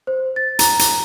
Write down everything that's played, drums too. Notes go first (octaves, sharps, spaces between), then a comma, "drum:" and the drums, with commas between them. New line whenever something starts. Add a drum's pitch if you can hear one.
C5
A6
A#5, drum: hi-hat
drum: hi-hat